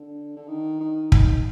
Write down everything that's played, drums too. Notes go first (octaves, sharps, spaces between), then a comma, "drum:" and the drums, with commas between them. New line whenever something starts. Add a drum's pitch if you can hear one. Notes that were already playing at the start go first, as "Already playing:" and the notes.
Already playing: D3
D3
D#3
D#3
D#3, drum: kick